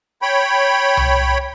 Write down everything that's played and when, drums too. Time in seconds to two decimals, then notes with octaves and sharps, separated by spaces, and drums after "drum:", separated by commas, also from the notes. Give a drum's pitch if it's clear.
0.22 C#5 G5 B5
0.97 drum: tom C2